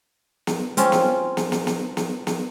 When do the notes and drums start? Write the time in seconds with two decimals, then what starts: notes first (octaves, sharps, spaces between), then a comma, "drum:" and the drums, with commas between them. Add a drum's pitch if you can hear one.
0.47 drum: snare
0.77 C4 C#4 F4, drum: hi-hat
0.92 drum: snare
1.37 drum: snare
1.52 drum: snare
1.67 drum: snare
1.97 drum: snare
2.27 drum: snare